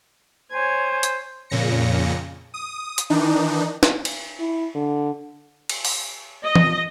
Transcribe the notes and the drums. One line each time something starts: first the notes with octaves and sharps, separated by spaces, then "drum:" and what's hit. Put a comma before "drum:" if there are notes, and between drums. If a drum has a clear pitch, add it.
C5 C#5 G#5
drum: hi-hat
F2 A#2 C#3 A#6 C#7
D#6
drum: hi-hat
D#3 E3 D4 D#4
drum: snare
drum: cymbal
E4
D3
drum: cymbal
drum: open hi-hat
D#5
drum: tom E3